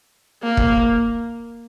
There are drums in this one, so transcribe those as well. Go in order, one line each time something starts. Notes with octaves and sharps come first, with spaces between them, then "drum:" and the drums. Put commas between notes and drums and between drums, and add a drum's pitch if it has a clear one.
A#3
drum: kick